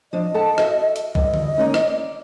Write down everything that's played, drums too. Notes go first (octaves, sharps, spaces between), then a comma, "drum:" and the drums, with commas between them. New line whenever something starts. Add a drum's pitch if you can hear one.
F3 D4 D#5
A4 F#5 A5
F#4 A4 E5, drum: rim click
drum: hi-hat
G2 D3 D#5, drum: kick B1
drum: tom D3
A#3 C#4 D#4
D5, drum: rim click